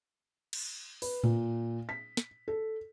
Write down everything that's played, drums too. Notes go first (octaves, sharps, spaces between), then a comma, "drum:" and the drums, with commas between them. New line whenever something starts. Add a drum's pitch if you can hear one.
drum: cymbal
B4, drum: open hi-hat
A#2, drum: tom A2
B6
drum: snare
A4